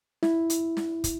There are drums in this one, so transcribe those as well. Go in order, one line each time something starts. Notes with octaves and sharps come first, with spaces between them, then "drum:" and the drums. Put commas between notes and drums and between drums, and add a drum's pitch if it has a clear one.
E4, drum: snare
drum: hi-hat
drum: snare
drum: kick, hi-hat